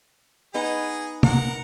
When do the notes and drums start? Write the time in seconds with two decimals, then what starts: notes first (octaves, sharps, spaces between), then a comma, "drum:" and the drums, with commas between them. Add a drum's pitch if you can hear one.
0.54 B3 D#4 G#4 B4
1.23 A#4 F#5, drum: tom